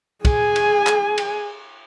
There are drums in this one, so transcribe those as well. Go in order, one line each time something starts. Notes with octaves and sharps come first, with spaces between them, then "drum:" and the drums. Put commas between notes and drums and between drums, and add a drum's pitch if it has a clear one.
G#4 G#5, drum: kick, cymbal
drum: cymbal
drum: clap
drum: cymbal